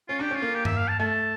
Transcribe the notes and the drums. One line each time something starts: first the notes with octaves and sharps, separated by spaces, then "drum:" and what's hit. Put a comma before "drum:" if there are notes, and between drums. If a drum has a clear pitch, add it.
C#4 F4
D4 G4
C#4
F4
A#3
G4
E5, drum: tom G2
F5
A5
A3 A5